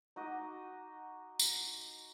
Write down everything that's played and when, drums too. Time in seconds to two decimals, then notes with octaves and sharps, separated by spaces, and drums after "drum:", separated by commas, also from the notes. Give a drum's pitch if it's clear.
0.16 D#4 F#4 D#5 D6
1.39 drum: tambourine